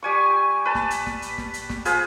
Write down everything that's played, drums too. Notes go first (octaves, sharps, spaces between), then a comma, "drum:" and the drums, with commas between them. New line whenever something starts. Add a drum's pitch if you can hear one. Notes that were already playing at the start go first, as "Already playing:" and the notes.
G3 G#5 C#6
B4 A5
drum: snare
drum: hi-hat
drum: snare
drum: hi-hat
drum: snare
drum: hi-hat
drum: snare
F4 G#4 B4 C5, drum: hi-hat